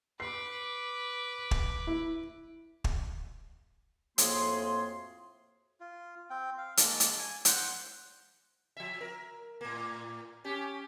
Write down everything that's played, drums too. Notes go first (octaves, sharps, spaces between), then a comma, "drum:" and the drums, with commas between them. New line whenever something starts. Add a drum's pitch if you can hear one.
B4 D6 C7
drum: kick
E4
drum: kick
F2 A2 A#3 F#4 G#4 C6, drum: hi-hat
F4
C4 G5
F5
G#3 A#3 A5, drum: hi-hat
drum: hi-hat
G#5
C5 F#5, drum: hi-hat
F3 E5
A#4
A2 A#3
C#4 G4